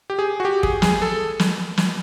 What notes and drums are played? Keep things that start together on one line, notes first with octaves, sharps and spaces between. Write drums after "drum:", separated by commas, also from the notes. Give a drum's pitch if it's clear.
G4
G#4
F#4
G4
G#4, drum: kick
G#4, drum: snare
A4
drum: snare
drum: snare